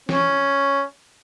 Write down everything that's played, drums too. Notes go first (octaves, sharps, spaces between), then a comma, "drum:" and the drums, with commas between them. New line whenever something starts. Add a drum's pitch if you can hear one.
C#4, drum: snare